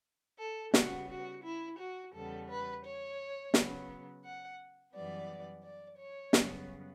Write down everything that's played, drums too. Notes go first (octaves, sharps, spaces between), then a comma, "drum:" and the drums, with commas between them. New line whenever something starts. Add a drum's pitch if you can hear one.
A4
C#3 G3 B3 F#4, drum: snare
F#4
E4
F#4
E2 C#3 G3 B3 A4
B4
C#5
C#3 F#3 B3, drum: snare
F#5
F#2 E3 G3 B3 D5
D5
C#5
F#2 C#3 G3 B3, drum: snare